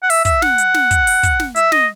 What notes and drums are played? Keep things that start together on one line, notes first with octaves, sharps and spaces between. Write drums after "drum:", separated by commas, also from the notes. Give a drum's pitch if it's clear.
F#5
E5, drum: open hi-hat
E5, drum: kick, hi-hat
F#5, drum: snare
drum: hi-hat
drum: snare
drum: kick, hi-hat
drum: open hi-hat
drum: kick, hi-hat
drum: snare
E5, drum: hi-hat
D#5, drum: snare